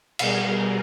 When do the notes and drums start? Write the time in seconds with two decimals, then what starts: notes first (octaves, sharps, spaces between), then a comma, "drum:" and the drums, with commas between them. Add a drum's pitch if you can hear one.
0.19 B2 G3 G#4 A#4, drum: cymbal